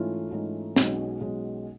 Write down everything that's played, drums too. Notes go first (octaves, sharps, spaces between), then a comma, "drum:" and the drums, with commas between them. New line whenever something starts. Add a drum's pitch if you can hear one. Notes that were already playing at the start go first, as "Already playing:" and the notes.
Already playing: G#2 E3 A3 C#4 F4
G#2 E3 A3 C#4 F4
B1 B2 G#3 C#4, drum: snare
B1 B2 G#3 C#4